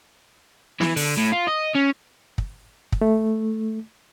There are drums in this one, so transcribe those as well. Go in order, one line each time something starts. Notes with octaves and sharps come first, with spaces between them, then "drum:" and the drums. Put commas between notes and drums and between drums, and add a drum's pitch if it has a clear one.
E3, drum: snare
D3, drum: open hi-hat
A2
F4
D#5
C#4
drum: kick
drum: kick
A3